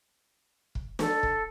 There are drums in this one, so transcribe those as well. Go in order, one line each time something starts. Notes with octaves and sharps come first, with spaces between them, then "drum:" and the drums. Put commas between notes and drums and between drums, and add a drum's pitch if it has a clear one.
drum: kick
A4, drum: snare
drum: kick